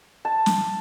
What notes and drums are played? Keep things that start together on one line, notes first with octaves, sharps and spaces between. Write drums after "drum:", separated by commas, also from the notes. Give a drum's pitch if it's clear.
A5
drum: snare